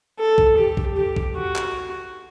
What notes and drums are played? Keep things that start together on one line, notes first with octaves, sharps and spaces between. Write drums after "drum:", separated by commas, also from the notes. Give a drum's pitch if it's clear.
A4
drum: kick
G4
drum: kick
G4
drum: kick
F#4
drum: clap